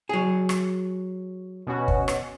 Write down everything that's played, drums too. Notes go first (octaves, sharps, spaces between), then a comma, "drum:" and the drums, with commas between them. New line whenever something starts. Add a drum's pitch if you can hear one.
F#3 G#4
drum: rim click
B2 C#4 F#4
drum: kick
drum: rim click